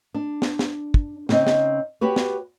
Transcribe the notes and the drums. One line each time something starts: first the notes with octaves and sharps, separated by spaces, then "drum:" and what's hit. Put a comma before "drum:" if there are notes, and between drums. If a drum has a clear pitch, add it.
D4
drum: snare
drum: snare
drum: kick
C#3 C4 D#4 D#5, drum: snare
drum: snare
F#4 G4 B4 C#5
drum: snare